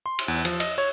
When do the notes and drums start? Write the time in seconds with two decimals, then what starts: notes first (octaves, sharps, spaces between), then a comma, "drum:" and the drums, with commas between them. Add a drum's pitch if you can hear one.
0.06 C6
0.19 drum: cymbal
0.28 E2
0.45 F3, drum: cymbal
0.60 D#5, drum: cymbal
0.78 C#5